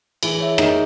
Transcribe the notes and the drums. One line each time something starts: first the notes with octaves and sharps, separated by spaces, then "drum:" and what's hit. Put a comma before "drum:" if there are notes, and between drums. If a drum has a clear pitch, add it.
E3 E4 G#4, drum: cymbal
C#5 E5
D#3 D#4 G#4, drum: rim click